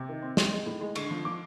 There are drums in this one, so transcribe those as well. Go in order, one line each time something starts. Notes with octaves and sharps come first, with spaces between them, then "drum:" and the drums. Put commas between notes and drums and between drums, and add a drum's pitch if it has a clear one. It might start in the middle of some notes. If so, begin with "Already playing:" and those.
Already playing: C3
D#3
C4
G#3 C6, drum: snare
G#3
A2
G#3
D3 C#6, drum: cymbal
F3
F3 D6